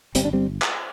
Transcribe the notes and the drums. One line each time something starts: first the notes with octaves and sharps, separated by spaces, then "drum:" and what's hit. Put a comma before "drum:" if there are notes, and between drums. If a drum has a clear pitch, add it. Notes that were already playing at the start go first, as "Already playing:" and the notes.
G1 G3 C4, drum: hi-hat
D4
G3 C4
drum: clap